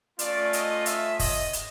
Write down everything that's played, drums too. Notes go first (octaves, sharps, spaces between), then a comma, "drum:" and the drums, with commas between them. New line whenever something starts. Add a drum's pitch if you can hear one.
A3 C#4 F4 D5, drum: hi-hat
D#5, drum: hi-hat
E5, drum: hi-hat
D#5, drum: kick, open hi-hat
drum: hi-hat